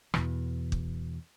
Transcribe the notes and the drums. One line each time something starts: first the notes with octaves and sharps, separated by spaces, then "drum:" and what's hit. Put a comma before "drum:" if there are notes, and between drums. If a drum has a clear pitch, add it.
E2 B2 E3, drum: rim click
drum: kick